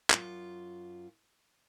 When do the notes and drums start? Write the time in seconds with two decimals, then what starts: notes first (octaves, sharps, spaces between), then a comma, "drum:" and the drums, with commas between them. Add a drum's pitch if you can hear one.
0.10 F#2 F4, drum: clap